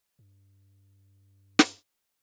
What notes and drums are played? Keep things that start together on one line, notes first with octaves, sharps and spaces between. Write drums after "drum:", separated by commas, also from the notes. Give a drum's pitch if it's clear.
G2
drum: snare